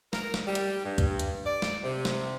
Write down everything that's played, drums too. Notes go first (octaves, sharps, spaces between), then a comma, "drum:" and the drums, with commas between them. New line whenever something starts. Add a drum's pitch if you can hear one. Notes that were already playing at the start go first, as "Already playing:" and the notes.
A#4, drum: snare
drum: snare
G3
drum: hi-hat
G2
drum: kick, hi-hat
drum: hi-hat
D5
drum: snare
C3
drum: snare